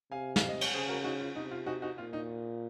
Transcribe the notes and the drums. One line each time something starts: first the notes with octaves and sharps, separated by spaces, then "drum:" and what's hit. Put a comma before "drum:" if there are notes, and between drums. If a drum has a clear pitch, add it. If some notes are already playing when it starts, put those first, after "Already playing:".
C3 F5 G#5
F5, drum: snare
D#5
C#5, drum: cymbal
C#3 G#4 C5
F#4 A#4
D#4 F#4
F4
C3 D#4
F4
D#4 F#4
D#4 F#4
A#2 F4
D#4